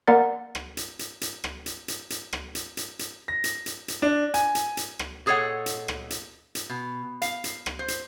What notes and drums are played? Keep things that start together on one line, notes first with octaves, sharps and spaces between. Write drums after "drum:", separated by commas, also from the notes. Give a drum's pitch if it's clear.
A#3 A#4 D5 F#5 A#5 A6
drum: rim click
drum: hi-hat
drum: hi-hat
drum: hi-hat
drum: rim click
drum: hi-hat
drum: hi-hat
drum: hi-hat
drum: rim click
drum: hi-hat
drum: hi-hat
drum: hi-hat
A#6
drum: hi-hat
drum: hi-hat
drum: hi-hat
D4
G#5, drum: hi-hat
drum: hi-hat
drum: hi-hat
drum: rim click
A#2 G#4 A4 C#5 D#5 F#5
drum: hi-hat
drum: rim click
drum: hi-hat
drum: hi-hat
B2
F5, drum: hi-hat
drum: hi-hat
drum: rim click
C5
drum: hi-hat